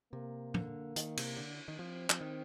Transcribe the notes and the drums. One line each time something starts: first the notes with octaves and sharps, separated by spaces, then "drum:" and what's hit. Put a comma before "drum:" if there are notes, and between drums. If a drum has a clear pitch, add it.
C3 A#3
D3, drum: tom
D#3, drum: hi-hat
C3, drum: cymbal
D3
D#3
F3 C4
F3, drum: clap
D#3